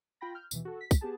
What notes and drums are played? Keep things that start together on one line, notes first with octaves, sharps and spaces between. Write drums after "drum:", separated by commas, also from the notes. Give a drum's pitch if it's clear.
F4 G5 B5 A#6
F6 G6
D#2 B2 E3, drum: tambourine
F#4 A4
B6
drum: kick, tambourine
B3 G4 G#4 A5